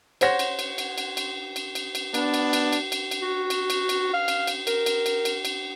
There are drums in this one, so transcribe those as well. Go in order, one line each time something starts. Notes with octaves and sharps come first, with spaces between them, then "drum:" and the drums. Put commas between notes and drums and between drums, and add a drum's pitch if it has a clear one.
C5 C#5 F#5 A#6, drum: cymbal
drum: cymbal
drum: cymbal
drum: cymbal
drum: cymbal
drum: cymbal
drum: cymbal
drum: cymbal
drum: cymbal
B3 D4, drum: cymbal
drum: cymbal
drum: cymbal
drum: cymbal
drum: cymbal
drum: cymbal
F#4
drum: cymbal
drum: cymbal
drum: cymbal
F5
drum: cymbal
drum: cymbal
A#4, drum: cymbal
drum: cymbal
drum: cymbal
drum: cymbal
drum: cymbal